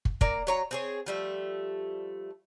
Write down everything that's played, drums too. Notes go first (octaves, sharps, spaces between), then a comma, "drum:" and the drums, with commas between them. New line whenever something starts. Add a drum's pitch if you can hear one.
drum: kick
A#3 D5 A#5, drum: kick
F#3 C#5 A#5
C4 G#4 C#5
F3 G3 A3